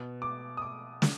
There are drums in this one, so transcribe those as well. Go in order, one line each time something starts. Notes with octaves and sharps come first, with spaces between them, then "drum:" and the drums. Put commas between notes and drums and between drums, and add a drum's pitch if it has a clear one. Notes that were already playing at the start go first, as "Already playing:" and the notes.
Already playing: B2
D6
D#6
D6
drum: snare